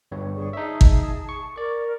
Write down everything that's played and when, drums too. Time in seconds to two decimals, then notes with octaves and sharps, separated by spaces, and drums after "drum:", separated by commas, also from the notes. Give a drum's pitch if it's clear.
0.12 G1 G2 C#5
0.34 G#4 D5 C#6
0.53 D#4 G#4 E5 A5
0.81 drum: kick
1.29 C#6
1.56 A#4 D5 C#6